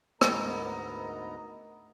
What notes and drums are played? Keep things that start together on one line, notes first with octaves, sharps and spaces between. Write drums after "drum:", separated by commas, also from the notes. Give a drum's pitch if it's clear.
D2 G#2 B3 A#4 D#5 A#5, drum: rim click